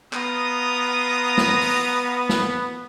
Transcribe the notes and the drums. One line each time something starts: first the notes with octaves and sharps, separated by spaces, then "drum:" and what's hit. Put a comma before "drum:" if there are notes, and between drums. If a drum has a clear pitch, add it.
B3 F4 A#5 D#6, drum: clap
drum: snare
drum: open hi-hat
drum: snare